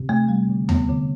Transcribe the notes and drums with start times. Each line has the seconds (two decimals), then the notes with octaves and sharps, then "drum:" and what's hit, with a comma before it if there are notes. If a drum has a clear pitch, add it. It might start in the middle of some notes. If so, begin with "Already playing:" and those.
Already playing: C3
0.09 A3
0.28 G3
0.49 D3
0.69 B3, drum: tom D#2
0.89 D3